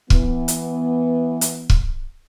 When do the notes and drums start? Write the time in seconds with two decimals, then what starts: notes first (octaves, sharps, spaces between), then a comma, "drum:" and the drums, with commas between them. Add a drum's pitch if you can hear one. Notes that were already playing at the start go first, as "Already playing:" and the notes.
0.10 E3 B3, drum: kick
0.48 drum: hi-hat
1.41 drum: hi-hat
1.70 drum: kick